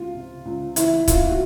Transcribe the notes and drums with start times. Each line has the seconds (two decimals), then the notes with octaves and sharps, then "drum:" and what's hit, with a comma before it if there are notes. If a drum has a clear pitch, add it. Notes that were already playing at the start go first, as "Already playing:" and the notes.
Already playing: C#2 F4
0.15 C3
0.45 C#2
0.76 E3 E4, drum: hi-hat
1.08 C#2 F4, drum: kick C#1, hi-hat
1.30 F#4